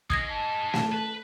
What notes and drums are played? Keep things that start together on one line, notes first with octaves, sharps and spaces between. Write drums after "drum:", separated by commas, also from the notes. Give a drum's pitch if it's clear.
G#3 D#4 D#6 G#6 A#6, drum: kick
A5
drum: snare
B4